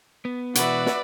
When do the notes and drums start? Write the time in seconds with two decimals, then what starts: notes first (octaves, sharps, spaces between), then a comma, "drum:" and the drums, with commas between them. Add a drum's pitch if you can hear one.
0.25 B3
0.55 B2 E3 F#4 B4 D5 E5, drum: hi-hat
0.86 drum: snare